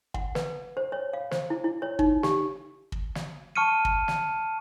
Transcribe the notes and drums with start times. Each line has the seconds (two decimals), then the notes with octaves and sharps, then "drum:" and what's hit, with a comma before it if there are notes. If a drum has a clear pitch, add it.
0.14 F#5, drum: kick
0.35 B4, drum: snare
0.77 C5
0.92 C#5
1.13 F5
1.31 C5, drum: snare
1.50 E4
1.64 E4
1.82 C#5
1.99 D#4, drum: kick
2.23 G4, drum: snare
2.92 drum: kick
3.15 drum: snare
3.56 A5 C#6 F6 C#7 D#7
3.85 drum: kick
4.08 drum: snare